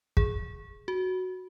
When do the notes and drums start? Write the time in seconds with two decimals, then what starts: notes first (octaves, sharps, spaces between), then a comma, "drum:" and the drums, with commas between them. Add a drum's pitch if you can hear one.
0.17 G#4, drum: kick
0.88 F#4